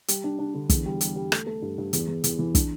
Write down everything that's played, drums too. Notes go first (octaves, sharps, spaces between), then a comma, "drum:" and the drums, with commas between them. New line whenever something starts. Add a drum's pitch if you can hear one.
G3, drum: hi-hat
D4
D4
D3
E2, drum: kick, hi-hat
G3
G3, drum: hi-hat
G3
A3, drum: rim click
A3
G2
G2
E2, drum: hi-hat
E2
E2, drum: hi-hat
E3
D4, drum: kick, hi-hat